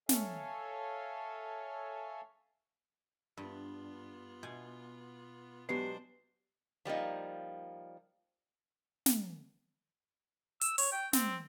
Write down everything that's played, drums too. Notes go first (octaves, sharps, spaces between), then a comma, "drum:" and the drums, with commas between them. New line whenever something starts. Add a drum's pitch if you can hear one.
A4 C#5 E5 F5 G#5, drum: snare
G2 B3 F4
B2 G#5
F#3 G#3 B3 D4 G4 C5 C7
F3 G3 A#3 D#4
drum: snare
E6, drum: hi-hat
C#5, drum: open hi-hat
G5
C4, drum: snare